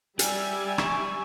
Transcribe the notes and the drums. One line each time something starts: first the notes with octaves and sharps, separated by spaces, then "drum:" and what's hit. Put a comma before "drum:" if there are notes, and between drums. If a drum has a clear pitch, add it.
G3 G4 D5 E5 G#5, drum: hi-hat
C#6 E7, drum: rim click